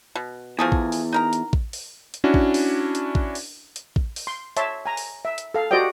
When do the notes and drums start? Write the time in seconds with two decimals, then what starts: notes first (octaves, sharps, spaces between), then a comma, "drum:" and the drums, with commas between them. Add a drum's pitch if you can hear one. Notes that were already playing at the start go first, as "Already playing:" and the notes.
0.15 B2
0.59 E2 F3 A3 G#4
0.72 drum: kick A1
0.92 drum: open hi-hat
1.12 D#4 A#4 A#5
1.33 drum: hi-hat
1.53 drum: kick A1
1.73 drum: open hi-hat
2.14 drum: hi-hat
2.24 C#4 D4 E4 F#4
2.34 drum: kick A1
2.54 drum: open hi-hat
2.95 drum: hi-hat
3.15 drum: kick A1
3.35 drum: open hi-hat
3.76 drum: hi-hat
3.96 drum: kick A1
4.16 drum: open hi-hat
4.27 C6
4.57 C#5 E5 A5 C6, drum: hi-hat
4.86 G#5 A#5
4.97 drum: open hi-hat
5.25 E5
5.38 drum: hi-hat
5.54 A4 F5
5.71 F#4 G4 C5 D5 D#5 G5